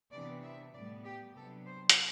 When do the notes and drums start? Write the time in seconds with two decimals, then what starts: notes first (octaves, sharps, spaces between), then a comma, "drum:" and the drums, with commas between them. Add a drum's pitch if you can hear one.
0.12 C3 E3 B3 D4 D5
0.43 E5
0.74 A2 G3 B3 D5
1.05 G4
1.36 C3 F#3 B3 D4 A4
1.66 C5
1.90 drum: hi-hat